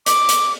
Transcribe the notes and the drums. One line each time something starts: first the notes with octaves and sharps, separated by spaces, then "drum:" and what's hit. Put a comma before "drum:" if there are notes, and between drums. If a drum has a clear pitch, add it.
D6, drum: hi-hat
drum: hi-hat